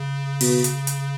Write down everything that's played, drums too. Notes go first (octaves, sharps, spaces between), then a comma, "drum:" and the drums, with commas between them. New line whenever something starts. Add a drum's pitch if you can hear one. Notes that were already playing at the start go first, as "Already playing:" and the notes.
Already playing: C#3
B2, drum: open hi-hat
drum: hi-hat
drum: hi-hat